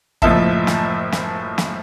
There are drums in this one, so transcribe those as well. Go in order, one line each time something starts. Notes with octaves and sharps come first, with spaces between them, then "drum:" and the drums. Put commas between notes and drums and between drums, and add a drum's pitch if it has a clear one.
F#1 A2 F3 D#5 E5 A5, drum: kick
drum: snare
drum: snare
drum: snare